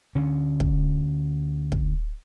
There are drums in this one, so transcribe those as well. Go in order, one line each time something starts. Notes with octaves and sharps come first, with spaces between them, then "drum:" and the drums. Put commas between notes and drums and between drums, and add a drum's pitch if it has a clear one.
D2 D3 C#4
drum: kick
drum: kick